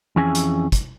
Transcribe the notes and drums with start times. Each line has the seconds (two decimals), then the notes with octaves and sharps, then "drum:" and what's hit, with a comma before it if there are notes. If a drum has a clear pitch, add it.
0.16 F2 E3 C#4 G#4 G#5
0.35 drum: hi-hat
0.72 drum: kick, hi-hat